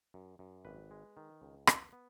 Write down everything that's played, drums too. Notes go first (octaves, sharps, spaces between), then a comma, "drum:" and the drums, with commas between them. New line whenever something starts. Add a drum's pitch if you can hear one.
F#2
F#2
G#1 B4
G#3
D#3
C#2
B3, drum: rim click
B3